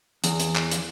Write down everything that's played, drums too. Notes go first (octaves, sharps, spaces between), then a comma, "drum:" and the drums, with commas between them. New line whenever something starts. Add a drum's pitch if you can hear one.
E2, drum: hi-hat
drum: hi-hat
drum: clap
drum: hi-hat